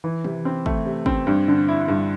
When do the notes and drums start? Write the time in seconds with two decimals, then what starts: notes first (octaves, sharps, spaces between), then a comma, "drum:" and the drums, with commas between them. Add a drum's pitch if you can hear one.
0.04 E3
0.24 C3, drum: tom D#3
0.45 C4
0.66 A3, drum: kick
0.85 C3
1.06 C4, drum: kick
1.27 G2
1.48 D3
1.68 E4
1.88 G2